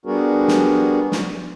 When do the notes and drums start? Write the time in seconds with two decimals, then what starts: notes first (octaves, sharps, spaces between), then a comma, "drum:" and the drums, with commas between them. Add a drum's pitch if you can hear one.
0.06 G3 B3 D4 F#4 G#4 A#4
0.48 drum: snare
1.12 drum: snare